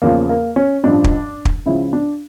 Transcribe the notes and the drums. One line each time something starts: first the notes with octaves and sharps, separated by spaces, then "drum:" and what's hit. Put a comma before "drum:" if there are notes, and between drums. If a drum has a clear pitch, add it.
E2 C#3 F3 A#3
A#3
C#4
A1 G2 F3 D4
drum: kick
drum: kick
C#2 C#3 F3 E4
D4